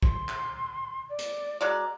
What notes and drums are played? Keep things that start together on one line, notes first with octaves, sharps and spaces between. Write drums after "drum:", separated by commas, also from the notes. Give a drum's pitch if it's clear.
C6, drum: kick
drum: clap
D5
drum: hi-hat
B2 G#3 D5 A#5